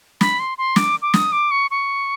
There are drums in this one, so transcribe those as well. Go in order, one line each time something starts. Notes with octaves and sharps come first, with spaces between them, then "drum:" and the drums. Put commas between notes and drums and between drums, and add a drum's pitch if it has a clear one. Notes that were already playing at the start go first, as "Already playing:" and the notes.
B5, drum: snare
C6
C6
D6, drum: snare
D6
D#6, drum: snare
D6
C#6
C#6